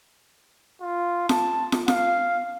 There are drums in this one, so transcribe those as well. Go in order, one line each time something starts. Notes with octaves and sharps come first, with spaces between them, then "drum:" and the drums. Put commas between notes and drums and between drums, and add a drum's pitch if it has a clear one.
F4
A5, drum: snare
drum: snare
F5, drum: snare